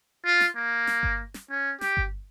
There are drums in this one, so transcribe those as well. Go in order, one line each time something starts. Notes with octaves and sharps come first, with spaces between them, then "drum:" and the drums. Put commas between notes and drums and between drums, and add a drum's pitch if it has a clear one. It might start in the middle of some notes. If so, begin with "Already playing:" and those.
F4
drum: snare
A#3
drum: snare
drum: kick G1
drum: snare
C#4
G4, drum: snare
drum: kick G1